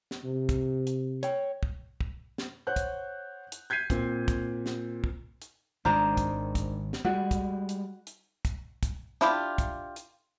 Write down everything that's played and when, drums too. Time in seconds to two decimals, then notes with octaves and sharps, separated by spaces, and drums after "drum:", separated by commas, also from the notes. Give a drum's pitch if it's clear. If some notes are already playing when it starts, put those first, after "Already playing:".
0.11 drum: snare
0.24 C3
0.49 drum: kick, hi-hat
0.87 drum: hi-hat
1.23 C#5 G5, drum: hi-hat
1.63 drum: kick
2.01 drum: kick
2.38 drum: snare
2.67 C5 C#5 F#5 F#6 G6
2.76 drum: kick, hi-hat
3.52 drum: hi-hat
3.70 G6 G#6 B6 C7 D#7
3.90 A#2 C4, drum: kick, hi-hat
4.28 drum: kick, hi-hat
4.66 drum: snare
5.04 drum: kick
5.42 drum: hi-hat
5.85 G#1 D#3 G#3 D4 C5 A#5
6.17 drum: kick, hi-hat
6.55 drum: kick, hi-hat
6.93 drum: snare
7.05 G3 G#3 F#4
7.31 drum: kick, hi-hat
7.69 drum: hi-hat
8.07 drum: hi-hat
8.45 drum: kick, hi-hat
8.83 drum: kick, hi-hat
9.21 D4 E4 F4 G4, drum: snare
9.58 drum: kick, hi-hat
9.96 drum: hi-hat